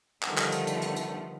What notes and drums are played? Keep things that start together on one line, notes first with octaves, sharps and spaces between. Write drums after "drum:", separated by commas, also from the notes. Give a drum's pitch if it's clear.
D3 D#3 F3 G3 A3 B3, drum: clap
drum: clap
drum: hi-hat
drum: hi-hat
drum: hi-hat
drum: hi-hat